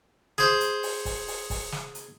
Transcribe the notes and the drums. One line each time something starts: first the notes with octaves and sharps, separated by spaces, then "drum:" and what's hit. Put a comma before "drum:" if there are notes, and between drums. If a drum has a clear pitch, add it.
G#4 C5, drum: snare
drum: hi-hat
drum: open hi-hat
drum: kick, open hi-hat
drum: open hi-hat
drum: kick, open hi-hat
drum: snare
drum: hi-hat